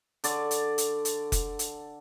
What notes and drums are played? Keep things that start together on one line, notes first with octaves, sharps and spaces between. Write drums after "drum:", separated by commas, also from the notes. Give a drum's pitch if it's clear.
D3 D5 C#6, drum: hi-hat
drum: hi-hat
drum: hi-hat
drum: hi-hat
drum: kick F1, hi-hat
drum: hi-hat